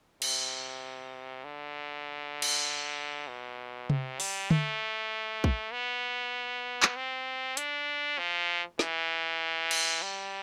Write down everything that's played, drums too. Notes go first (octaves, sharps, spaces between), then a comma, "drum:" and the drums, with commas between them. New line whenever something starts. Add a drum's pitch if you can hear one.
C3, drum: cymbal
D3
drum: cymbal
B2
C3, drum: tom C3
G3, drum: open hi-hat
A3, drum: tom D3
drum: kick
B3
drum: clap
C4
D4, drum: hi-hat
F3
E3, drum: snare
drum: cymbal
G3